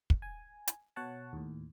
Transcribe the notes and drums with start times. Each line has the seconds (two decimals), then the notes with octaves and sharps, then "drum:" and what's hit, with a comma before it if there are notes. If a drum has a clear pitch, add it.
0.10 drum: kick
0.22 G#5
0.68 drum: hi-hat
0.96 B2 C#5 F#5 A5
1.33 D#2 A2